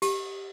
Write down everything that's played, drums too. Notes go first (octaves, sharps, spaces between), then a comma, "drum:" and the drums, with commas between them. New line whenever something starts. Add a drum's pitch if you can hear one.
G4, drum: cymbal